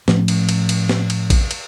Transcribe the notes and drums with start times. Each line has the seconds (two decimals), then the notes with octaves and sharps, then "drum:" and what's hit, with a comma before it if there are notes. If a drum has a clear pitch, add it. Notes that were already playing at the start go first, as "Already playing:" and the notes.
0.08 A2 F3 A3 C#4, drum: snare
0.28 drum: cymbal
0.49 drum: cymbal
0.69 drum: cymbal
0.89 drum: snare
1.10 drum: cymbal
1.30 drum: kick A1, cymbal
1.51 drum: cymbal